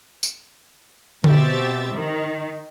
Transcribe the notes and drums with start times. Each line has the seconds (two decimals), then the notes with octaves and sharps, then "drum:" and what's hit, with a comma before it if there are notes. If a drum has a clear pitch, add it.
0.23 drum: tambourine
1.24 B2 C4 G4 E5 A6, drum: tom D3
1.94 D#3